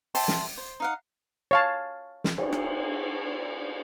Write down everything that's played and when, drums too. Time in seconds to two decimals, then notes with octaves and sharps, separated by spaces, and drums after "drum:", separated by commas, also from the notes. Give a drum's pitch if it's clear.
0.15 E5 G5 A5 C6, drum: open hi-hat
0.28 drum: snare
0.58 C5
0.80 D#4 F5 F#5
1.51 C#5 F5 A5
2.24 drum: snare
2.38 drum: cymbal
2.52 drum: rim click